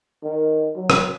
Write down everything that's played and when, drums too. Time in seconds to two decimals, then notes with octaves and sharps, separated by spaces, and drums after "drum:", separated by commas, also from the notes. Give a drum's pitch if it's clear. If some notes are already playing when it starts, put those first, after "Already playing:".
0.24 D#3
0.76 F#3
0.90 drum: rim click